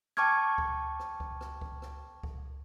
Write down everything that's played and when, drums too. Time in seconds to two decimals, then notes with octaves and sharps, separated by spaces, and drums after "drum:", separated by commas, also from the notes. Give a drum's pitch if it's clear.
0.17 G5 A5 C#6 D6 F6 G#6, drum: rim click
0.58 drum: kick C#2
0.99 drum: rim click
1.20 drum: kick C#2
1.41 drum: rim click
1.61 drum: kick C#2
1.82 drum: rim click
2.23 drum: kick C#2